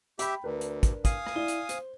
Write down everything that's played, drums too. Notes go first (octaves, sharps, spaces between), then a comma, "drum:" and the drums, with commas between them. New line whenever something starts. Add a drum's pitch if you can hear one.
G4 E5 G5 B5, drum: hi-hat
D2 D4 A#4 B4
drum: hi-hat
drum: kick, hi-hat
F5 G#5 D#6, drum: kick, hi-hat
drum: rim click
E4 D5 G7
drum: hi-hat
C5, drum: hi-hat